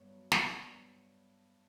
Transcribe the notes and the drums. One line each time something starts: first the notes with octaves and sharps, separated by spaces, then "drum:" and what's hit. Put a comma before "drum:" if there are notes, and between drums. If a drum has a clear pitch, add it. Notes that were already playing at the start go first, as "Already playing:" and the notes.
Already playing: G2 B3 D4 C#5
F#3
D4, drum: snare
B3